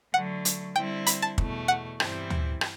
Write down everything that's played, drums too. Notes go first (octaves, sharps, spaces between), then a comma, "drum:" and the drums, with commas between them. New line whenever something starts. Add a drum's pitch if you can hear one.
D3 F#3 A3 F#5
drum: hi-hat
D3 G3 C4 E4 G5
B5, drum: hi-hat
A5
E2 B2 A3, drum: kick
F#5
G2 E3 G3 C4 E4, drum: rim click
drum: tom D2
drum: rim click